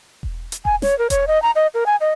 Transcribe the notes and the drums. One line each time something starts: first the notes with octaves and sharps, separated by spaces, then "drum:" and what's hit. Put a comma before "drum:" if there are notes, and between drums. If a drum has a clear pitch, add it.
drum: kick E1
drum: hi-hat
G#5, drum: kick E1
C#5, drum: snare
A#4
C#5, drum: kick E1, hi-hat
D#5
A#5
D#5
A#4
G#5
D#5